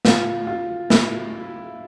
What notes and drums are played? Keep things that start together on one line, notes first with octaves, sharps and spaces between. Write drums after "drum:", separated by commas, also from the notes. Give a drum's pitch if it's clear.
F4, drum: snare
F4
E4, drum: snare